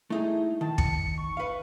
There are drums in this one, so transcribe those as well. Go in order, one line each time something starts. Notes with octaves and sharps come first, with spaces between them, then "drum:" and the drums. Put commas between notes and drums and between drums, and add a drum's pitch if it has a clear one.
A3 D#4 E4 G#4
D#3 A5
C#7, drum: kick
C#6
B4 F5